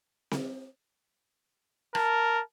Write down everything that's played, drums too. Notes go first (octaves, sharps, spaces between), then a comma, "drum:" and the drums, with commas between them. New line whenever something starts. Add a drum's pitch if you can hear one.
drum: snare C4
A#4 A5, drum: rim click